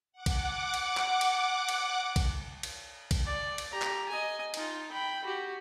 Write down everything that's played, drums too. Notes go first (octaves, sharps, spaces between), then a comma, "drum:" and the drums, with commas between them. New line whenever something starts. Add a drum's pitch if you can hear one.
F#5 D6
drum: kick B1, cymbal
drum: cymbal
drum: clap
drum: cymbal
drum: cymbal
drum: kick B1, cymbal
drum: cymbal
drum: kick B1, cymbal
D5
drum: cymbal
G4 A#5
drum: clap
D#5 G#5
D#4 F4, drum: cymbal
G5 B5
F#4 G4